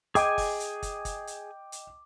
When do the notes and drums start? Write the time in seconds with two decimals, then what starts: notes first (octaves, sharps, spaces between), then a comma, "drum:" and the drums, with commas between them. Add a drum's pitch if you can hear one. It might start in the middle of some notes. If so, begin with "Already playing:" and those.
0.15 G#4 D#5 G5 G#5 D6, drum: hi-hat
0.38 drum: kick, open hi-hat
0.60 drum: hi-hat
0.83 drum: kick, hi-hat
1.05 drum: kick, hi-hat
1.27 drum: hi-hat
1.72 drum: hi-hat